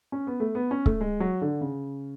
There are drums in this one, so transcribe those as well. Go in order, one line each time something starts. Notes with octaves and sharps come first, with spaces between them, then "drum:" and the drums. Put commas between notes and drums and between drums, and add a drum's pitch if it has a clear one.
C#4
B3
A3
B3
C#4
A3, drum: kick C#1
G#3
F#3
D3
C#3